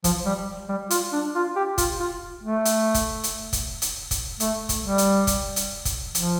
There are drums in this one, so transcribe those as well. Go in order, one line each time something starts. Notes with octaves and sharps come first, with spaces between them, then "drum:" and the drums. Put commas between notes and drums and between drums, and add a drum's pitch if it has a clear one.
F3, drum: kick, hi-hat
G3
G3
F4, drum: hi-hat
D4
F4
G4
F4, drum: kick, hi-hat
F4
A3
drum: hi-hat
drum: kick, hi-hat
drum: hi-hat
drum: kick, hi-hat
drum: hi-hat
drum: kick, hi-hat
A3, drum: hi-hat
drum: kick, hi-hat
G3
drum: hi-hat
drum: kick, hi-hat
drum: hi-hat
drum: kick, hi-hat
F3, drum: hi-hat